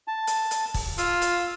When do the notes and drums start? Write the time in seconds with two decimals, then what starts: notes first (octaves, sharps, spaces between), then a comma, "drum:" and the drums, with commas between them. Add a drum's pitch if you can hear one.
0.08 A5
0.27 drum: hi-hat
0.51 drum: hi-hat
0.74 drum: kick, open hi-hat
0.98 F4 E6, drum: hi-hat
1.22 drum: hi-hat